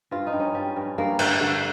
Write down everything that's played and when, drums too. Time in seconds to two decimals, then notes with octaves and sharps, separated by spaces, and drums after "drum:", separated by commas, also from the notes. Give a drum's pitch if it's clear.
0.11 G2 F4
0.27 D#4
0.33 G2
0.40 C#4
0.55 G3
0.76 G2
0.98 G2 A#3
1.19 D3 A3, drum: cymbal
1.41 D3 A3